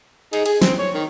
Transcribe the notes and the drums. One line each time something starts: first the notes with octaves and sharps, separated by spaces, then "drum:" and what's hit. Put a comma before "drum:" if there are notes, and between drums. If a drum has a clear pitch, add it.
D#4 G#4, drum: cymbal
G#4, drum: cymbal
C4, drum: snare
C#5
D#3